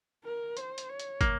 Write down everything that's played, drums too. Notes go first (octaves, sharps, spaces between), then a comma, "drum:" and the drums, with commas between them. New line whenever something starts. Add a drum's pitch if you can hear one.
A#4
C5, drum: hi-hat
drum: hi-hat
C#5
drum: hi-hat
A#3, drum: kick, hi-hat